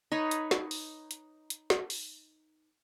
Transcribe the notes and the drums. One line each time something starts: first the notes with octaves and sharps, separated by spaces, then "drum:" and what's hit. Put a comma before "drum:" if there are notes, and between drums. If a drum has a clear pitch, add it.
D#4 B4 C#5
drum: hi-hat
drum: snare
drum: open hi-hat
drum: hi-hat
drum: hi-hat
drum: snare
drum: open hi-hat